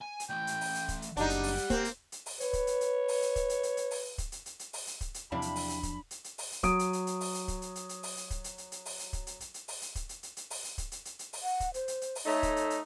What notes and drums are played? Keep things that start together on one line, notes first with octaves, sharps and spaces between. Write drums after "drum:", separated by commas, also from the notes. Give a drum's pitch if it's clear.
G#5
drum: hi-hat
E3 A3 G5
drum: hi-hat
drum: open hi-hat
drum: hi-hat
drum: kick, hi-hat
drum: hi-hat
F#1 D4 D#4 G4 D5 F#5, drum: hi-hat
drum: hi-hat
drum: open hi-hat
drum: hi-hat
A#3 C4, drum: kick, hi-hat
drum: hi-hat
drum: hi-hat
drum: open hi-hat
B4 C#5, drum: hi-hat
drum: kick, hi-hat
drum: hi-hat
drum: hi-hat
drum: open hi-hat
drum: hi-hat
drum: kick, hi-hat
drum: hi-hat
drum: hi-hat
drum: hi-hat
drum: open hi-hat
drum: kick, hi-hat
drum: hi-hat
drum: hi-hat
drum: hi-hat
drum: open hi-hat
drum: hi-hat
drum: kick, hi-hat
drum: hi-hat
E2 C3 F3 F#3 D4 E4 F5 B5
drum: hi-hat
drum: open hi-hat
drum: hi-hat
drum: kick, hi-hat
drum: hi-hat
drum: hi-hat
drum: open hi-hat
drum: hi-hat
F#3 D#6 D7, drum: kick, hi-hat
drum: hi-hat
drum: hi-hat
drum: hi-hat
drum: open hi-hat
drum: hi-hat
drum: kick, hi-hat
drum: hi-hat
drum: hi-hat
drum: hi-hat
drum: open hi-hat
drum: hi-hat
drum: kick, hi-hat
drum: hi-hat
drum: hi-hat
drum: hi-hat
drum: open hi-hat
drum: hi-hat
drum: kick, hi-hat
drum: hi-hat
drum: hi-hat
drum: hi-hat
drum: open hi-hat
drum: hi-hat
drum: kick, hi-hat
drum: hi-hat
drum: hi-hat
drum: hi-hat
drum: open hi-hat
drum: hi-hat
drum: kick, hi-hat
drum: hi-hat
drum: hi-hat
drum: hi-hat
drum: open hi-hat
F#5
drum: kick, hi-hat
C5, drum: hi-hat
drum: hi-hat
drum: hi-hat
drum: open hi-hat
A3 D#4 C#5
drum: kick, hi-hat
drum: hi-hat
drum: hi-hat